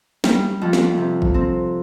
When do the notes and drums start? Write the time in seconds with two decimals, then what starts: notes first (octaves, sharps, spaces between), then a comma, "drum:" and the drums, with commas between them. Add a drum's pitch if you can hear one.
0.24 G3, drum: snare
0.61 F2
0.73 drum: snare
0.98 C3
1.22 drum: kick G#1
1.34 C4